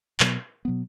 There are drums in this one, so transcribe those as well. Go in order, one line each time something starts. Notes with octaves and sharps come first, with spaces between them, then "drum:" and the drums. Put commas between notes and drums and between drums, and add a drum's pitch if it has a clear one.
B2 F#3 B3, drum: clap
B2 F#3 B3